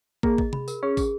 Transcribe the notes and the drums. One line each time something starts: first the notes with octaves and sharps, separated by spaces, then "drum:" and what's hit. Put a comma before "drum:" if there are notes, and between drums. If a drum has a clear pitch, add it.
A#3 G#4, drum: kick
D#5, drum: kick
B5, drum: tom C3
A#4, drum: tambourine
C#4 G#4
G#4, drum: kick, tambourine